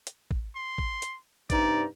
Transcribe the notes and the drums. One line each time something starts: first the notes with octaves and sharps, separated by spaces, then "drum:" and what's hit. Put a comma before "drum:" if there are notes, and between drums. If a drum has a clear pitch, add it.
drum: hi-hat
drum: kick
C6
drum: kick
drum: hi-hat
G2 C3 D#4 D5, drum: kick, hi-hat